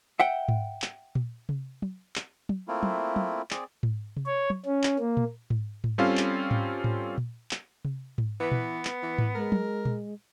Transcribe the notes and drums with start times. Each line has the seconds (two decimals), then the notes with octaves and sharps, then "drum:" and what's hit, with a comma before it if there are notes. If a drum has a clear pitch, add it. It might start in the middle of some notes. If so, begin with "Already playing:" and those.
0.20 E5 F#5 G5
0.48 drum: tom G#2
0.82 drum: clap
1.15 drum: tom A#2
1.49 drum: tom C3
1.82 drum: tom
2.16 drum: clap
2.49 drum: tom
2.68 A3 A#3 C4 E4 F4
2.83 drum: tom
3.16 drum: tom
3.51 C4 G#4 D5, drum: clap
3.83 drum: tom G#2
4.17 drum: tom C3
4.26 C#5
4.50 drum: tom
4.66 C#4
4.83 drum: clap
4.99 A#3
5.17 drum: tom A#2
5.50 drum: tom G#2
5.84 drum: tom G#2
5.98 G3 C4 C#4 F4 A4 F5
6.17 drum: clap
6.51 drum: tom G#2
6.84 drum: tom G#2
7.18 drum: tom A#2
7.51 drum: clap
7.85 drum: tom C3
8.18 drum: tom G#2
8.40 E3 B3
8.52 drum: tom A#2
8.85 drum: clap
9.03 E3
9.18 drum: tom G#2
9.35 G#3 A#4
9.52 drum: tom
9.85 drum: tom A#2